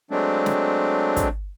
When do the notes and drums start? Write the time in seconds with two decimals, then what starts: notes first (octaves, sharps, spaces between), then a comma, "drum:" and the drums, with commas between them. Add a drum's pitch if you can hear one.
0.11 F#3 G#3 A3 C4 D4
0.46 drum: snare
1.17 drum: kick, hi-hat